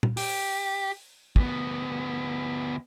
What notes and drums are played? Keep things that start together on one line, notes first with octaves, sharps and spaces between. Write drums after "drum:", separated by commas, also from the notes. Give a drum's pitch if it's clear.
drum: tom A#2
G4, drum: open hi-hat
D2 B3, drum: kick